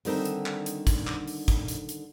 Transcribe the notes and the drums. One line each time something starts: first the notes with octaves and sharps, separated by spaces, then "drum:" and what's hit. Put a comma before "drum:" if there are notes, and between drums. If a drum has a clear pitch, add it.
D3 D#3 G3 C4 D#4 A4, drum: open hi-hat
drum: hi-hat
drum: clap
drum: hi-hat
drum: kick, hi-hat
drum: clap
drum: open hi-hat
drum: kick, hi-hat
drum: hi-hat
drum: hi-hat